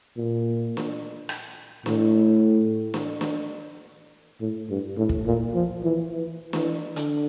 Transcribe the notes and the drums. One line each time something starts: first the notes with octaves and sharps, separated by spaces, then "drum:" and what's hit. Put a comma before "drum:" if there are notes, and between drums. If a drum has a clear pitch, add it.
A#2
drum: snare
drum: rim click
A2, drum: snare
drum: snare
drum: snare
A2
G2
A2
drum: kick
A#2
F3
E3
E3
E3, drum: snare
D3, drum: hi-hat